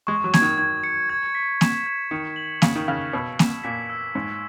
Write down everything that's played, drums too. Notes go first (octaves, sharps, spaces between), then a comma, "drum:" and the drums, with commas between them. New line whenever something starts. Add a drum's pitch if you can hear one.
G#3 C#6
F#3
G#6, drum: snare A#3
D#3
D#3 G#6
C#7
G#6
B6
E7, drum: snare A#3
G#6
D#3 C#7
F#7
C#3 C#7, drum: snare A#3
D#3
C#3 F#6
B2 E6
E7, drum: snare A#3
A#2 B6
E6
G#2 C#6